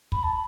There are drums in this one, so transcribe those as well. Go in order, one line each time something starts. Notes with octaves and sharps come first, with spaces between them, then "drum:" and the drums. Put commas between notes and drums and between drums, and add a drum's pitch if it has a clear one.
B5, drum: kick
A5
B5